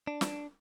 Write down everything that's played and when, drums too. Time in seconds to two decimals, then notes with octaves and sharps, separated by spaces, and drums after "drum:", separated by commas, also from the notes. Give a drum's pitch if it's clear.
0.07 D4
0.21 drum: snare